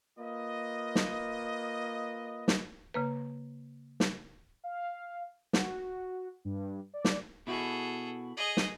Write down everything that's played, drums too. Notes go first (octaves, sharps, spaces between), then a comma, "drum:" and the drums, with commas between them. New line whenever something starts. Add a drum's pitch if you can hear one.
A#3 F4 B4 D#5
drum: snare
drum: snare
C#3 A#3 B4
drum: snare
F5
F#4, drum: snare
G2
D5
drum: snare
B2 E4 F#4 G#4 A4
G#4 D#5
drum: snare